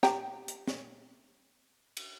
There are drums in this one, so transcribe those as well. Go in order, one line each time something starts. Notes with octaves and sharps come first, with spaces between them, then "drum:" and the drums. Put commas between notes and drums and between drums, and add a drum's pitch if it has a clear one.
G4 G5 A#5, drum: snare
drum: hi-hat
drum: snare
drum: cymbal